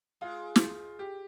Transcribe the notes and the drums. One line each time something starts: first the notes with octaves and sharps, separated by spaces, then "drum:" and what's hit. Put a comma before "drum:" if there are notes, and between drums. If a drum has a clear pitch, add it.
G#3 F4
drum: snare
G4